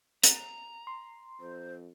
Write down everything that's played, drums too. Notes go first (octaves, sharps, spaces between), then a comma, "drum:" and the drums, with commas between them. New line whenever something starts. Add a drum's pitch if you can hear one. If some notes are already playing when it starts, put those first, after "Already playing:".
A#5, drum: hi-hat
C6
F2 C5